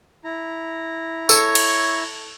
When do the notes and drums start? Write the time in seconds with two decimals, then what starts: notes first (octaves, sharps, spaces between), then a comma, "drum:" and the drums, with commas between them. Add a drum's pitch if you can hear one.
0.24 E4 A#5
1.29 A4 C#5 E6, drum: tambourine
1.55 drum: cymbal